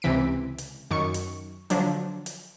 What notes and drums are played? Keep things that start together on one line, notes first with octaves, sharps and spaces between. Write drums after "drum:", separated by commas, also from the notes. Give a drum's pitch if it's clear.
C#2 C3 E3 B6 D7
drum: hi-hat
F#2 D#3 C#6
drum: hi-hat
D3 F3 F#3 D4, drum: hi-hat
drum: hi-hat